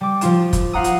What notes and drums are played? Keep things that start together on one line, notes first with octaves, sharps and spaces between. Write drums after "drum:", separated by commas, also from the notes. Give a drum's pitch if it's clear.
G3 D6
F3 F4 E7, drum: hi-hat
drum: kick, hi-hat
F4 F5 F#5 A#5 D#6
drum: hi-hat